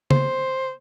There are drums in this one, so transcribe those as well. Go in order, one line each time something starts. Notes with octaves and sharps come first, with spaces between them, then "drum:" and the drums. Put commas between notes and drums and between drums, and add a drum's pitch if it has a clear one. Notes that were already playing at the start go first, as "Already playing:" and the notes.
C5, drum: tom C#3